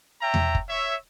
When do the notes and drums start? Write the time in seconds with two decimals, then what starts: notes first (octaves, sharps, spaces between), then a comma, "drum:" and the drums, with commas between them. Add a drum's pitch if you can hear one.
0.22 C#5 E5 G5 A#5
0.34 drum: tom E2
0.55 drum: kick
0.69 C#5 E5